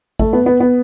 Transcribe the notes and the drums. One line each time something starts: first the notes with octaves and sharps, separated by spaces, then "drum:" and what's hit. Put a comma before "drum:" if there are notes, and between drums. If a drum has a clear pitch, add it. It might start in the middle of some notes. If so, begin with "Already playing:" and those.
A3, drum: kick
B3
B3
B3